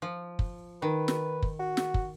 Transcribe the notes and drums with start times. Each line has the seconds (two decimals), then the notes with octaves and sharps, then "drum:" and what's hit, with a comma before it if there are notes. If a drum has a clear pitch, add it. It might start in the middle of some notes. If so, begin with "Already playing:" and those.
0.02 F3
0.39 drum: kick
0.82 D#3 B4
1.08 drum: snare
1.42 drum: kick
1.60 F#4
1.77 drum: snare
1.94 drum: kick